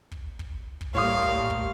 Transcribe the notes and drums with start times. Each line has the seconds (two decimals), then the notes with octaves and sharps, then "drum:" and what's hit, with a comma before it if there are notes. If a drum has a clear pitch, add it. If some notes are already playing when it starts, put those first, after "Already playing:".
0.11 drum: kick
0.39 drum: kick
0.81 drum: kick
0.95 A2 G3 A#3 C#5 F5 C6 D#6
1.22 drum: kick
1.50 drum: kick